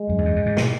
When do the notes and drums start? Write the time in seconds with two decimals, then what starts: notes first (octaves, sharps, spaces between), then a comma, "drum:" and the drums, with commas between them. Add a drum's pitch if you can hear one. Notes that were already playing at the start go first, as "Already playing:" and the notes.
Already playing: G#3
0.09 F#2
0.18 E2
0.25 F#2
0.36 F#2
0.46 G#2
0.57 B2, drum: snare